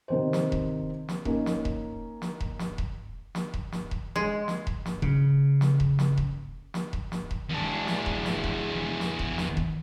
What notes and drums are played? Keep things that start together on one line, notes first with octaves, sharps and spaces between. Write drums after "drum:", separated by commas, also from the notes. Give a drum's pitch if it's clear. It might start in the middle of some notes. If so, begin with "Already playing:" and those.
C3 D#3 C5
drum: snare
drum: kick E1
drum: snare
A#3 C#4 D#4, drum: kick E1
drum: snare
drum: kick E1
drum: snare
drum: kick E1
drum: snare
drum: kick E1
drum: snare
drum: kick E1
drum: snare
drum: kick E1
G#3
drum: snare
drum: kick E1
drum: snare
C#3, drum: kick E1
drum: snare
drum: kick E1
drum: snare
drum: kick E1
drum: snare
drum: kick E1
drum: snare
drum: kick E1
E2 D4
drum: snare
drum: kick E1
drum: snare
drum: kick E1
drum: snare
drum: kick E1
drum: snare
drum: kick E1